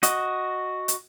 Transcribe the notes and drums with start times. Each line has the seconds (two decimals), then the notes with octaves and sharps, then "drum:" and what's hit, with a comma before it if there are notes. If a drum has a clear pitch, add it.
0.03 F#4 D#5, drum: hi-hat
0.88 drum: hi-hat